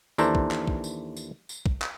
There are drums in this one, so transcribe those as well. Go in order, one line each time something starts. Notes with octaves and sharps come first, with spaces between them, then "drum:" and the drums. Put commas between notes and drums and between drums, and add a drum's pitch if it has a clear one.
D#2 E3 D4 A4 C5 A#5, drum: tambourine
drum: kick
drum: clap
drum: kick
drum: tambourine
drum: tambourine
drum: tambourine
drum: kick
drum: clap